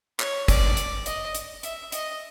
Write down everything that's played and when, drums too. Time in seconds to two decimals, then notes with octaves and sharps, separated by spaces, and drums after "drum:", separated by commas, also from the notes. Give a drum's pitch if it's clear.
0.20 C#5, drum: clap
0.48 D5, drum: kick, hi-hat
0.77 drum: hi-hat
1.06 D#5, drum: hi-hat
1.35 drum: hi-hat
1.63 E5, drum: hi-hat
1.92 D#5, drum: hi-hat